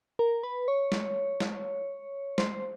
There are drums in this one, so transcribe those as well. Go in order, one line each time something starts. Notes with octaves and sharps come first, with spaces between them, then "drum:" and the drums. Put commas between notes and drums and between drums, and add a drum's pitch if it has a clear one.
A#4
B4
C#5
drum: snare
drum: snare
C5, drum: snare